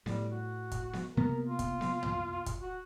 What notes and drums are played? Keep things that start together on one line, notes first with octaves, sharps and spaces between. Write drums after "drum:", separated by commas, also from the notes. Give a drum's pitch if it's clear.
A2 G3, drum: snare B3
F#4
drum: kick, hi-hat
drum: snare B3
C3 A#3 B3 A#4
F4
drum: kick, hi-hat
drum: snare B3
drum: tom
drum: kick, hi-hat
F#4